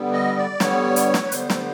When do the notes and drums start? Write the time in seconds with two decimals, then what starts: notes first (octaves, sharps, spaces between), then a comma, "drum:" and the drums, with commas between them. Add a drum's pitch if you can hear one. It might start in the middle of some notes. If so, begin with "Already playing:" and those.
Already playing: D3 G3 B3
0.13 D#5
0.37 D5
0.60 D3 G3 B3 C#5, drum: snare
0.96 drum: hi-hat
1.14 drum: snare
1.28 B4
1.32 D3 G3 B3 C5, drum: hi-hat
1.50 drum: snare